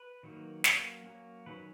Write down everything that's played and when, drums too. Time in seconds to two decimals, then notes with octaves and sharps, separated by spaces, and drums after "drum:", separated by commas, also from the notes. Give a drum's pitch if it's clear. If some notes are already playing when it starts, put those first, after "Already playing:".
Already playing: B4
0.23 D#3 F#3 A#3
0.64 F#3 A#3 C#4, drum: snare
1.05 F#3 A#3 C#4
1.46 D#3 F#3 C#4 B4